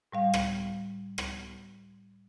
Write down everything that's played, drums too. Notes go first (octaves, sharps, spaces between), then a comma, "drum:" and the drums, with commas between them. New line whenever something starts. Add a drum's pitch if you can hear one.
A2 G3 F5
drum: rim click
drum: rim click